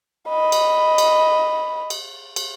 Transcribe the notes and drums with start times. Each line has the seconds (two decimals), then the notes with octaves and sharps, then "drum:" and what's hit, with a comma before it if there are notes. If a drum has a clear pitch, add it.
0.29 D#5 B5
0.52 drum: cymbal
0.98 drum: cymbal
1.90 drum: cymbal
2.36 drum: cymbal